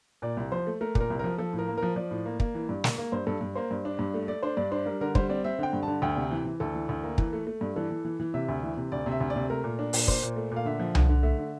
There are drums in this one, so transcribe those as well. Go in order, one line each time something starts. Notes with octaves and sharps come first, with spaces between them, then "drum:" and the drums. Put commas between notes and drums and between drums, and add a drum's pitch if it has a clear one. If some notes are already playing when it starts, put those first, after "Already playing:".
A#2 D5
C2
F3 C5
A3
A3 A#4
A#2, drum: kick
A#4
C2
F3 A#4
F3 A4
A2
A#4
A#3
F3 A#4
F3 D5
A2
A#3
A#3, drum: kick
E3
G2
A#3, drum: snare
A#3
G2 C5
G2 A4
G2
A#3 C5
G2
D4
G2
A3
A3 D5
D4 C5
G2 D5
D4 C5
G3 A#4
D3 A#4
G3 C5, drum: kick
C4 D5
C4 E5
D3 G5
G2
D3 A5
D2 G5
C3
E3
E3
D2 A4
E3
D2
A#3
E3, drum: kick
A3
A3
G2
E3 A4
E3
E3
E3
C3 E5
D2
E3
C3
D2 D5
C3
E5
D2
D5
C3
A3 A#4
A#2
D4
A#2, drum: open hi-hat
A#2 C5, drum: kick
A#2
A3
A#2 F5
D3 E5
F3
D3, drum: tom C2
D3
A3 E5
D3